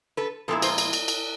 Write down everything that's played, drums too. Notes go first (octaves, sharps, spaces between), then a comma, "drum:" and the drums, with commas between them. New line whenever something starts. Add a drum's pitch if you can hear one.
A4 B4
A#2 F3 G#3 B3 E4 A4 B4
A#4 C5, drum: cymbal
drum: cymbal
drum: cymbal
drum: cymbal